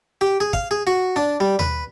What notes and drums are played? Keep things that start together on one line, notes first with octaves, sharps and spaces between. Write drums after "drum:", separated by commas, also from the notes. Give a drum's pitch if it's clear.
G4
G#4
F5, drum: kick
G#4
F#4
D4
G3
B4, drum: tom D#2